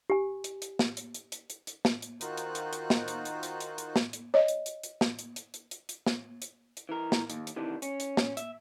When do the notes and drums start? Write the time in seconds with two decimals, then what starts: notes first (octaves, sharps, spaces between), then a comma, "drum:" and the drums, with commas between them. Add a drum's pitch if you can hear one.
0.10 G4 G#5
0.44 drum: hi-hat
0.62 drum: hi-hat
0.79 drum: snare
0.97 drum: hi-hat
1.15 drum: hi-hat
1.32 drum: hi-hat
1.50 drum: hi-hat
1.67 drum: hi-hat
1.85 drum: snare
2.02 drum: hi-hat
2.21 D#3 D#4 F4 F#4 C5 F#6, drum: hi-hat
2.38 drum: hi-hat
2.55 drum: hi-hat
2.73 drum: hi-hat
2.90 drum: snare
3.08 drum: hi-hat
3.25 drum: hi-hat
3.43 drum: hi-hat
3.61 drum: hi-hat
3.78 drum: hi-hat
3.96 drum: snare
4.13 drum: hi-hat
4.34 C#5 D#5
4.48 drum: hi-hat
4.66 drum: hi-hat
4.83 drum: hi-hat
5.01 drum: snare
5.19 drum: hi-hat
5.36 drum: hi-hat
5.54 drum: hi-hat
5.71 drum: hi-hat
5.89 drum: hi-hat
6.06 drum: snare
6.42 drum: hi-hat
6.77 drum: hi-hat
6.89 E3 A#4
7.12 drum: snare
7.30 D#2, drum: hi-hat
7.47 drum: hi-hat
7.56 C3 D#3 E3 D4
7.82 C#4, drum: hi-hat
8.00 drum: hi-hat
8.17 drum: snare
8.37 E5, drum: hi-hat